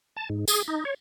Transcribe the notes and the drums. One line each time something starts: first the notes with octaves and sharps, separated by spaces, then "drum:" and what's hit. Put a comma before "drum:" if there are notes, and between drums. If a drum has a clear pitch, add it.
A5
G#2
G#4, drum: tambourine
D#4
C#5